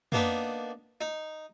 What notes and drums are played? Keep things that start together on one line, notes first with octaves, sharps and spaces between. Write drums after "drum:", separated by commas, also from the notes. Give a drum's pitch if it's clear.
A#3 B3 D4 D#4 B4, drum: tom
D#4